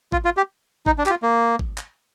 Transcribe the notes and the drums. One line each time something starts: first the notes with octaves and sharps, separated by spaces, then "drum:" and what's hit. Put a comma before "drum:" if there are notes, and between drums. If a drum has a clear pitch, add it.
F4, drum: kick G#1
F4
G4
D#4, drum: kick G#1
D4
G4, drum: clap
F4
A#3
drum: kick G#1
drum: clap